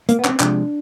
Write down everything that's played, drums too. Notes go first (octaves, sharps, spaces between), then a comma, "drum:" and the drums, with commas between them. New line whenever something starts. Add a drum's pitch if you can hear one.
A#3, drum: hi-hat
B3
C#4, drum: clap
C4
C3 F3 G#3 D4, drum: clap